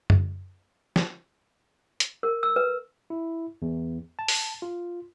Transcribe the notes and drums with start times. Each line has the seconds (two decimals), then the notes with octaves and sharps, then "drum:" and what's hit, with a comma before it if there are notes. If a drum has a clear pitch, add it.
0.10 drum: tom F#2
0.96 drum: snare
2.00 drum: hi-hat
2.23 A#4
2.43 E6
2.56 B4
3.10 E4
3.62 E2
4.19 A5
4.28 drum: open hi-hat
4.62 F4